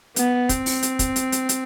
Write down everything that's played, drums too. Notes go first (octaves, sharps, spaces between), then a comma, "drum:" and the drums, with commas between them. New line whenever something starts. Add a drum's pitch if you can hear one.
B3, drum: hi-hat
C4, drum: kick, hi-hat
drum: open hi-hat
drum: hi-hat
drum: kick, hi-hat
drum: hi-hat
drum: hi-hat
drum: hi-hat